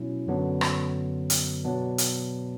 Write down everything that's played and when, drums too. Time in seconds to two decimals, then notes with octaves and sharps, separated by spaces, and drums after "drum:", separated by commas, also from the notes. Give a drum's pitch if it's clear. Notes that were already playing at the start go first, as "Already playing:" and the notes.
Already playing: B2 F#3 C#4 E4
0.27 F#2 D3 F#3 B3 D4
0.61 drum: rim click
1.30 drum: hi-hat
1.64 B2 F#3 B3 D4
1.98 drum: hi-hat